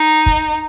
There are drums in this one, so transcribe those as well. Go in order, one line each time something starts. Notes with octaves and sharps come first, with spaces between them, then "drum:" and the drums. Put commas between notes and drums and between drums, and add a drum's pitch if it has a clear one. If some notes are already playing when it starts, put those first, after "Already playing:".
Already playing: D#4
drum: kick